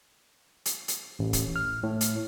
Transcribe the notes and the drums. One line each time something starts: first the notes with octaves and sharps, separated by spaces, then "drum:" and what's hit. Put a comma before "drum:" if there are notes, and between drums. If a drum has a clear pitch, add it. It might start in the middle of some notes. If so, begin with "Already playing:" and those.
drum: hi-hat
drum: hi-hat
A1
drum: kick, hi-hat
F6
A2
drum: hi-hat